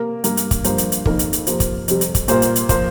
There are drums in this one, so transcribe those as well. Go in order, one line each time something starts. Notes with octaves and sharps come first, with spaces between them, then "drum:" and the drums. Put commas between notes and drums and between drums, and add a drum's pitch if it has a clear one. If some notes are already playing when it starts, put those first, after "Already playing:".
Already playing: C3 A#3 A#4
G2 G3 A#3, drum: hi-hat
drum: hi-hat
drum: kick, hi-hat
G2 F3 A#3 C5, drum: hi-hat
drum: hi-hat
drum: hi-hat
F2 D#3 A#3 A#4, drum: kick
drum: hi-hat
drum: hi-hat
C3 F3 A#3, drum: hi-hat
drum: kick, hi-hat
F2 C3 G3, drum: hi-hat
drum: hi-hat
drum: kick, hi-hat
A#2 G3 A#3 C5, drum: hi-hat
drum: hi-hat
drum: hi-hat
F3 A#3 C5, drum: kick, hi-hat